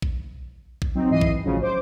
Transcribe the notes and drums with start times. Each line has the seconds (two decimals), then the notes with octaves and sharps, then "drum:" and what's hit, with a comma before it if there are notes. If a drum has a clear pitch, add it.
0.02 drum: kick A#1
0.82 drum: kick A#1
0.94 F#3 C4 D#4
1.10 G#2 E3 D#5 C7 D#7
1.21 drum: kick A#1
1.44 A1 C#3 F3 F#3
1.61 C5 D6